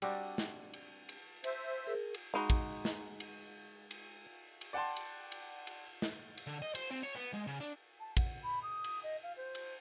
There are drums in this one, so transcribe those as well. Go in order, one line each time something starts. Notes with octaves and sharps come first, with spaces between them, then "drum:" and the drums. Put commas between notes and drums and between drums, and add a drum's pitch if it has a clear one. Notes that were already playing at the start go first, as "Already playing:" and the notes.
G3 C4 D4 F#4, drum: cymbal
drum: snare
drum: cymbal
drum: cymbal
C5 E5, drum: cymbal
G#4 A#4
drum: cymbal
G#3 D#4 F#4 F5 B5
drum: kick, cymbal
drum: snare
drum: cymbal
drum: cymbal
drum: cymbal
D5 F#5 G5 A5 C6
drum: cymbal
drum: cymbal
drum: cymbal
drum: snare
drum: cymbal
D3
D#5
C5, drum: cymbal
C4
C#5
B3
G#3
C#3
D4
A5
F#5, drum: kick, cymbal
B5
D#6
drum: cymbal
D#5
F5
C5
drum: cymbal